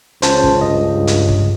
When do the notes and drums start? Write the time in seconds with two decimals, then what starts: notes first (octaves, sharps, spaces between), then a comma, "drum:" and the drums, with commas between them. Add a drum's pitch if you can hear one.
0.22 C#2 C#4 C5 A5, drum: hi-hat
0.43 drum: kick
0.61 G2 D#5
1.07 drum: hi-hat
1.29 drum: kick